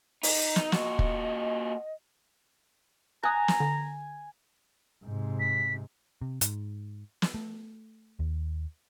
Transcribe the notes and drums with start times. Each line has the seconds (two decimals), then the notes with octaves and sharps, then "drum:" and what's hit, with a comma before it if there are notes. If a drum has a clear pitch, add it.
0.23 D#4, drum: open hi-hat
0.56 drum: snare
0.72 A#2 F#4 D#5, drum: snare
0.99 drum: kick
3.23 G#5 A#5 D#6 F#6
3.48 drum: snare
3.60 D3
5.05 G#2 C3
5.40 B6
6.21 C3
6.41 G#2, drum: hi-hat
7.22 drum: snare
7.34 A3
8.19 D#2